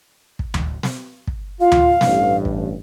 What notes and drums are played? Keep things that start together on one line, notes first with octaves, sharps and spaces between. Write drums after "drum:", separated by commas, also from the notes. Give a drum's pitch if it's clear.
drum: kick
drum: tom D2
drum: snare
drum: kick
F4 F5
drum: tom D2
A1 G2, drum: snare
drum: kick